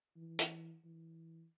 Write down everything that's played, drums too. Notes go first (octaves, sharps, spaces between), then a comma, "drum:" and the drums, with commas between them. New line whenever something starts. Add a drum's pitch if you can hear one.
E3
drum: hi-hat
E3